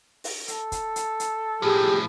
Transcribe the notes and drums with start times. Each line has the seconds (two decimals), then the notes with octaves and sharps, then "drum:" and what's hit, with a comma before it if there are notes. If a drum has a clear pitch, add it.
0.24 drum: open hi-hat
0.48 A4, drum: hi-hat
0.72 drum: kick, hi-hat
0.96 drum: hi-hat
1.20 drum: hi-hat
1.62 A2 F3 G4 G#4